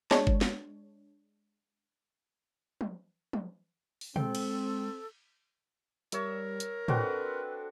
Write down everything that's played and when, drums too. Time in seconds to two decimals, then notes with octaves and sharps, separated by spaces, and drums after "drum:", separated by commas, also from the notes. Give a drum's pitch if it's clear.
0.11 G#3 D4 C#5, drum: snare
0.27 drum: kick G1
0.41 drum: snare
2.81 drum: tom
3.33 drum: tom
4.01 drum: open hi-hat
4.16 G#3 C4 A4 G5, drum: tom
4.35 drum: cymbal
6.12 G3 A#4 C#5 E5 E6, drum: hi-hat
6.60 drum: hi-hat
6.88 C4 D4 F#4 A4 B4, drum: tom